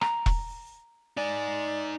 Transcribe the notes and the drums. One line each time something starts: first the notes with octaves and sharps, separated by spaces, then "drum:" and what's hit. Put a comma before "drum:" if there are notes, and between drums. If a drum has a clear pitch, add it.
A#5, drum: rim click
drum: kick E1
D#4 D5 G#5